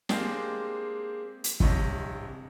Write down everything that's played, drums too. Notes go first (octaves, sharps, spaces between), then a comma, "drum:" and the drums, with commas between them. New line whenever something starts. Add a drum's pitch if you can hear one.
G#3 A#3 C4 D4 G4 G#4, drum: snare
drum: hi-hat
D1 G2 C3 C#5 D#5, drum: kick